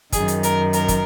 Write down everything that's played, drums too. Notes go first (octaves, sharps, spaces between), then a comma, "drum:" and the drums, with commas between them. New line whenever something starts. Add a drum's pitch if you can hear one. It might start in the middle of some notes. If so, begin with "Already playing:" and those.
F#2 D#3 G#4, drum: kick, hi-hat
drum: hi-hat
A#4, drum: hi-hat
A#4, drum: hi-hat
drum: kick, hi-hat